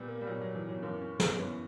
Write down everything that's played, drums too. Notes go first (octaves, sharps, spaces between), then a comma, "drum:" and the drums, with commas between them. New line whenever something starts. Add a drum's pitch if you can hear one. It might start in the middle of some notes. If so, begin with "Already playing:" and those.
Already playing: A#2 G3 B3
A#3
G3
A#2 F#3
F#3
E3
F#3
F#2 E3 A#3
C#4
B3, drum: snare
F#2 E3 B3